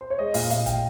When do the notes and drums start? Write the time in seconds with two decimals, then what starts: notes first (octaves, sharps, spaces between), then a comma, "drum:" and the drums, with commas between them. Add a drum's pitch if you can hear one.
0.01 C5
0.10 C#5
0.19 G#3 D#5
0.34 A#2 F5, drum: open hi-hat
0.51 A#2 F5, drum: hi-hat
0.66 G5, drum: kick, hi-hat